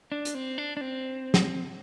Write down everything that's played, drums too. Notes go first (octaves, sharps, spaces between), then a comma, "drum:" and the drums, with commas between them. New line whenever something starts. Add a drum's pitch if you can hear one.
D4
drum: hi-hat
C4
D4
D4
C4
drum: snare